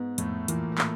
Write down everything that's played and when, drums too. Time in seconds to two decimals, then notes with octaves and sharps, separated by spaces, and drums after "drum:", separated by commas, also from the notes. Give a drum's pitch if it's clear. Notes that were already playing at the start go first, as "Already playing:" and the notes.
Already playing: G#2 B3
0.18 F2 A2 A3, drum: hi-hat
0.48 A#2 E3 A#3, drum: hi-hat
0.72 A#3
0.78 A2 A3, drum: clap